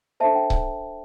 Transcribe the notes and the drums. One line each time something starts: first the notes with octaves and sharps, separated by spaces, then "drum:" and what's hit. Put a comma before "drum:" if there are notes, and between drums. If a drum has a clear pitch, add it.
D4 A4 C5 E5 A5
G5
drum: kick C#1